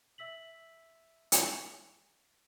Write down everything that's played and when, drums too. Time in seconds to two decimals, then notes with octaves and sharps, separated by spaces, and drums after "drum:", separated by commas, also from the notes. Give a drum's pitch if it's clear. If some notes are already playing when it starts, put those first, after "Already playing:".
0.18 E5 E6 B6 F#7
1.32 drum: hi-hat